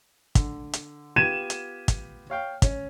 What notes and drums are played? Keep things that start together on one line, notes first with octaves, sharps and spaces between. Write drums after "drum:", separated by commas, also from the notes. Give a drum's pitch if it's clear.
D3, drum: kick, hi-hat
drum: hi-hat
B3 F4 G4 G#6 D#7 E7
drum: hi-hat
drum: kick, hi-hat
C#5 F5 G5
C#4, drum: kick, hi-hat